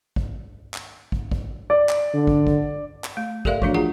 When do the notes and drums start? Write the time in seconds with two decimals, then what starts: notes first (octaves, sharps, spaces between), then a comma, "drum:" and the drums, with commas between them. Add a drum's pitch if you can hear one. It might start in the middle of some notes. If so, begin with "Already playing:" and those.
0.16 drum: kick
0.74 drum: clap
1.12 drum: kick
1.31 drum: kick
1.70 D5
1.89 drum: clap
2.14 D3
2.27 drum: kick
2.47 drum: kick
3.04 drum: clap
3.17 A3
3.45 G4 A4 A#4 D5 E5 F5, drum: kick
3.62 E3 F3 A3 D4 F#4, drum: kick
3.74 F4 G#4 F#5 A#5